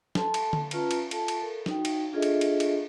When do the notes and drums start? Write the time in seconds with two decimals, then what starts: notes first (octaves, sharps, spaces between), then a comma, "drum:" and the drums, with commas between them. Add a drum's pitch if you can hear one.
0.15 A4 A5 C6, drum: snare
0.34 drum: cymbal
0.53 drum: tom D3
0.71 C#4 F4 B4 A5 A#5, drum: cymbal
0.91 drum: cymbal
1.11 F4 A4 A5, drum: cymbal
1.28 drum: cymbal
1.41 A4 A#4
1.66 D#4 F#4 G5, drum: snare
1.85 drum: cymbal
2.12 D4 F4 G#4 A4 D#5 E5
2.22 drum: cymbal
2.41 drum: cymbal
2.60 drum: cymbal